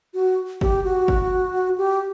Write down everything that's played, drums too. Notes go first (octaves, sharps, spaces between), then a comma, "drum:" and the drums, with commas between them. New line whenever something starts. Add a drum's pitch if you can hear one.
F#4
G4, drum: kick G1
F#4
drum: kick G1
G4